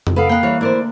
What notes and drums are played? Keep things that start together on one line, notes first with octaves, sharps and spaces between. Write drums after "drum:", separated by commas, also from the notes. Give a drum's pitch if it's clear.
drum: tom F2
B3 A4 B4 F5
A#3 D#5 F#5 G5 F#6
E3 G3 C#5
D2 E4 A#4 C5 D5